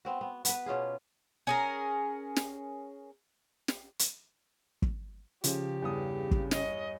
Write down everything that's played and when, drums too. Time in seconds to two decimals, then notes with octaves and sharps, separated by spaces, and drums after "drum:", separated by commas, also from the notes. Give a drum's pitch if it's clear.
0.05 B3 C4 F#4
0.21 B3
0.45 B3 B4, drum: hi-hat
0.66 B2 C#4 F4 G#4
1.47 C#4 G#4 A#4
2.36 drum: snare
3.68 drum: snare
3.99 drum: hi-hat
4.82 drum: kick
5.44 C#3 F3 G4, drum: hi-hat
5.82 E2 G2 D#6
6.31 drum: kick
6.51 C#5 D#5, drum: snare